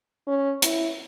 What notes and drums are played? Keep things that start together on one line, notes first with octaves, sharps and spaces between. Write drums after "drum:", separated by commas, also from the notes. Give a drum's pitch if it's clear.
C#4
E4, drum: hi-hat